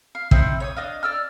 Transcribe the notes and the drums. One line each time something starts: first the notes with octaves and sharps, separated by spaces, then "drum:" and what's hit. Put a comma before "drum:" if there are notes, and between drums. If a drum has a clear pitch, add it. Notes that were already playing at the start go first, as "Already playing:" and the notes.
F5
C4 D#4 E4 C5, drum: kick
C#5 C#6 D#6
D4 D#5 F5
D5 E6 F6